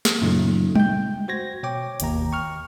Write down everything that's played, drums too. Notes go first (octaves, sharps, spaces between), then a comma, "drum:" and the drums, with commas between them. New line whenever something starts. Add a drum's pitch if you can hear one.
drum: snare
F#2 A#2 C#3 F#3 A3 D#4
G5 G6, drum: tom G3
F#4 C5 G#6 A#6
B2 C#5 G5 D6
G1 D#2 A#5, drum: hi-hat
G5 C#6 F6